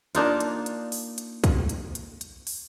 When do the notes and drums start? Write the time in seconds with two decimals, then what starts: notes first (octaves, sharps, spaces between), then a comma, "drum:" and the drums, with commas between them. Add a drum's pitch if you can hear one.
0.15 A#3 D4 D#4 F4, drum: hi-hat
0.40 drum: hi-hat
0.66 drum: hi-hat
0.92 drum: open hi-hat
1.18 drum: hi-hat
1.44 drum: kick, hi-hat
1.69 drum: hi-hat
1.95 drum: hi-hat
2.21 drum: hi-hat
2.47 drum: open hi-hat